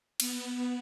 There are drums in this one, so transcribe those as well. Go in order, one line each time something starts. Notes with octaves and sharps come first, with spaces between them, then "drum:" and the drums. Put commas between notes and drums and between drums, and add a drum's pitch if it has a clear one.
B3, drum: cymbal